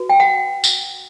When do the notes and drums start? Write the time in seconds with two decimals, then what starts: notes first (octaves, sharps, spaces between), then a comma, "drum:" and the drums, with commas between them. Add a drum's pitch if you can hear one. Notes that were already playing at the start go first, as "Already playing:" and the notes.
Already playing: F#4 B4
0.09 G5
0.20 F#5
0.64 drum: tambourine